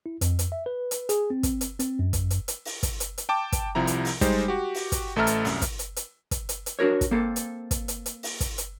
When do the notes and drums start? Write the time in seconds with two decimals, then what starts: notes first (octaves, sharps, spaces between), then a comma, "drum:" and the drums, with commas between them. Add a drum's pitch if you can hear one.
0.06 E4
0.21 F2, drum: hi-hat
0.39 drum: hi-hat
0.52 E5
0.66 B4
0.91 drum: hi-hat
1.09 G#4, drum: hi-hat
1.30 C4
1.43 drum: kick, hi-hat
1.61 drum: hi-hat
1.79 C4, drum: hi-hat
1.99 F#2
2.13 drum: kick, hi-hat
2.30 drum: hi-hat
2.48 drum: hi-hat
2.65 drum: open hi-hat
2.83 drum: kick, hi-hat
3.00 drum: hi-hat
3.18 drum: hi-hat
3.29 G5 A5 D6
3.52 drum: kick, hi-hat
3.75 C2 C3 F3 E4 A#5
3.87 drum: hi-hat
4.05 drum: open hi-hat
4.21 G3 G#3 D#4 C5, drum: kick, hi-hat
4.48 F#4 G4
4.74 drum: open hi-hat
4.92 drum: kick, hi-hat
5.16 A1 A3 A4 E5 A#5 F6
5.27 drum: hi-hat
5.45 C2 F#2, drum: open hi-hat
5.62 drum: kick, hi-hat
5.79 drum: hi-hat
5.96 drum: hi-hat
6.31 drum: kick, hi-hat
6.49 drum: hi-hat
6.66 drum: hi-hat
6.79 D4 F#4 A#4 C#5
7.01 drum: kick, hi-hat
7.11 A#3 C4 A4
7.36 drum: hi-hat
7.71 drum: kick, hi-hat
7.88 drum: hi-hat
8.06 drum: hi-hat
8.23 drum: open hi-hat
8.40 drum: kick, hi-hat
8.58 drum: hi-hat